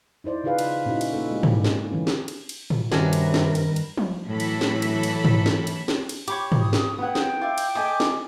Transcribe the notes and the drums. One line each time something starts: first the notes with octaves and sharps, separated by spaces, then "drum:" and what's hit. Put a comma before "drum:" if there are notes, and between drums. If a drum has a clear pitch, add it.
D#4 E4 C5 D5
C#3 D#4 F4 G#4 B4 F5
drum: cymbal
A#2 C#4 D#4 E4 F#4
drum: cymbal
A#3 D#4 A4
G#3 C4 G4
drum: tom
drum: snare
D3 E3 F#3 C4 C#4
drum: snare
drum: cymbal
drum: cymbal
drum: tom A2
G2 C3 D#3 C#4 D4 F#4 A#4 B4, drum: snare
drum: cymbal
drum: snare
drum: cymbal
drum: cymbal
drum: tom F3
A2 E3 F#3 A4 B5
drum: cymbal
drum: snare
drum: cymbal
drum: cymbal
drum: tom
drum: snare
drum: cymbal
drum: snare
drum: cymbal
G4 C#5 B5 D6, drum: cymbal
drum: tom
D#6
drum: snare
B3 E4 F#5 G5
drum: snare
F4 E5 D6
drum: cymbal
A4 D#5 E5 G#5 D6 D#6
drum: snare